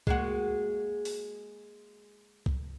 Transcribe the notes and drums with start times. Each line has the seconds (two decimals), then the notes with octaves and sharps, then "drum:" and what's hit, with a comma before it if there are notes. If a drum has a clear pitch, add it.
0.07 G#3 A#3 F#4, drum: kick
1.05 drum: open hi-hat
2.46 drum: kick